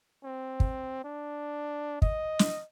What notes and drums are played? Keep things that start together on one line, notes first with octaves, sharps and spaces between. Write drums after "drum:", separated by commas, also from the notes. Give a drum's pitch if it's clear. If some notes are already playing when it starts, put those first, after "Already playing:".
C4
drum: kick
D4
D#5, drum: kick
drum: snare